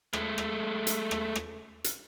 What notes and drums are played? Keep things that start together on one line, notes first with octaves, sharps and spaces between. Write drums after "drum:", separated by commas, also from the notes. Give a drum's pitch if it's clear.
G#3 A3, drum: rim click
drum: rim click
drum: hi-hat
drum: rim click
drum: rim click
drum: hi-hat